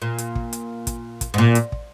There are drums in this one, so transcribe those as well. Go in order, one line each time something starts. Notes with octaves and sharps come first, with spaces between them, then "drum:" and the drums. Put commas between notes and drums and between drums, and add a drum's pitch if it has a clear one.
A#2
drum: hi-hat
drum: kick
drum: hi-hat
drum: kick, hi-hat
drum: kick, hi-hat
G#2
A#2
drum: hi-hat
drum: kick